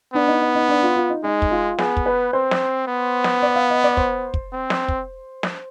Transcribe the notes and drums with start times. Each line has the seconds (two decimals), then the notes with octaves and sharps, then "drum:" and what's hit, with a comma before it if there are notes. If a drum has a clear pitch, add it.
0.14 B3 D4
0.28 D#4
0.42 D#4
0.55 D#4
0.69 D4
0.83 F4
0.96 F4
1.10 D#4
1.24 G#3 D#4
1.42 drum: kick
1.51 F4
1.78 B3 G#4, drum: snare
1.97 drum: kick
2.06 B4
2.33 C4 C5
2.51 drum: snare
2.87 B3
3.24 drum: snare
3.42 D5
3.56 F5
3.70 D#5
3.84 D5
3.97 C5, drum: kick
4.34 drum: kick
4.53 C4
4.70 drum: snare
4.88 drum: kick
5.43 drum: snare